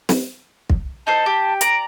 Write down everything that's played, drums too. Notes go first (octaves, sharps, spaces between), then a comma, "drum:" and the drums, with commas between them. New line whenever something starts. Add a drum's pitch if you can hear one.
drum: snare
drum: kick
D#4 A4 C5 A5
G4
D5 A#5 D7, drum: hi-hat